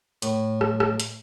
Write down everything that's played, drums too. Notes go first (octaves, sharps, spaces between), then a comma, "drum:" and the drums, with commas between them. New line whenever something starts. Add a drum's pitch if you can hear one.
A2, drum: hi-hat
drum: rim click
drum: rim click
drum: hi-hat